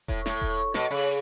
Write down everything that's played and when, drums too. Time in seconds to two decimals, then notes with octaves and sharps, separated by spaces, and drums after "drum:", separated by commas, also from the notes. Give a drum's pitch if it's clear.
0.08 A2, drum: kick E1
0.26 A2, drum: snare
0.42 drum: kick E1
0.74 B2, drum: snare
0.91 C#3